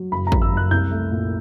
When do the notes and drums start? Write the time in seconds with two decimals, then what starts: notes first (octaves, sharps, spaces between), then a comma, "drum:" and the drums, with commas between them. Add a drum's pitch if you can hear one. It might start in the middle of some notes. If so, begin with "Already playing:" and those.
Already playing: F#3
0.12 F#1 B5
0.27 A#5
0.32 F#1, drum: kick
0.42 E6
0.52 F#1 F#6
0.71 C2 G6
0.91 A3
1.11 A#2